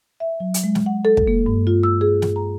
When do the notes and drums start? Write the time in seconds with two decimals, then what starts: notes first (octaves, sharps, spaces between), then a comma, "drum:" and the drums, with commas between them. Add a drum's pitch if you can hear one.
0.20 E5
0.40 F#3
0.54 drum: hi-hat
0.64 G#3
0.75 drum: snare
0.86 F#5
1.05 A4
1.17 drum: kick
1.27 A#3
1.46 G2
1.67 F4
1.83 E6
2.01 G#4
2.22 drum: snare
2.36 A#5